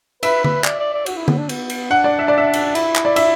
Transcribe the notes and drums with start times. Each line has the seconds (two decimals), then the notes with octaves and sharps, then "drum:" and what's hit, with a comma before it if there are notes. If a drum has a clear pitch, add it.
0.23 B4 E5, drum: cymbal
0.44 B4, drum: tom D3
0.64 D5, drum: clap
0.79 D5
0.93 D5
1.06 F#4, drum: cymbal
1.17 E4
1.28 B3, drum: tom D3
1.38 D4
1.49 B3, drum: cymbal
1.70 drum: cymbal
1.91 D4 F#5
2.04 D5
2.19 E5
2.28 D5
2.38 E5
2.53 drum: cymbal
2.75 E4, drum: cymbal
2.95 drum: clap
3.05 D5
3.16 E5, drum: cymbal